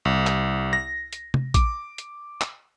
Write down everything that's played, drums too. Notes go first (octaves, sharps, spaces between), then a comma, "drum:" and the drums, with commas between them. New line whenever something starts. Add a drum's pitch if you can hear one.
C2
drum: clap
A#6
drum: hi-hat
drum: tom C3
D6, drum: kick A1, hi-hat
drum: hi-hat
drum: clap